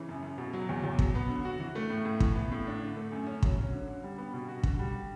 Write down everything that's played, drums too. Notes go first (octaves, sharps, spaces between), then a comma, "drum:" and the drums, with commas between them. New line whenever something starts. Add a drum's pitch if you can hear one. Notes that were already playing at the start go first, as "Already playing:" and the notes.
Already playing: C#3 E3 C#4
F#2
F#2
B2
F#3
E2
E2
F#3, drum: kick
B3
D3
F#4
E3
A3
A2
A2
E3, drum: kick
B3
A2
D4
D3
A3
F#2
C#4
F#3, drum: kick
C#4
D3
D3
G3
B3
B2
F#4
D3, drum: kick
G3